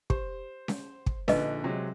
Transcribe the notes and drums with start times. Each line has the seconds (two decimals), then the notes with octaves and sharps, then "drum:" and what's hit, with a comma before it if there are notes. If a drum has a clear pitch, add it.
0.10 G4 C5, drum: kick
0.68 drum: snare C#4
1.06 drum: kick
1.28 A#1 D3 D#4 B4 D#5, drum: snare C#4
1.64 C3 F#3 G#3